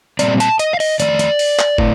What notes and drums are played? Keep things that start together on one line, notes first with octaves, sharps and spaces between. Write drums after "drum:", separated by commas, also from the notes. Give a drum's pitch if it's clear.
A#2 G3 C4 D5, drum: hi-hat
A5, drum: hi-hat
D#5, drum: hi-hat
F5
D#5, drum: open hi-hat
F2 D#3 A3 D5, drum: hi-hat
drum: hi-hat
drum: open hi-hat
drum: clap
A2, drum: kick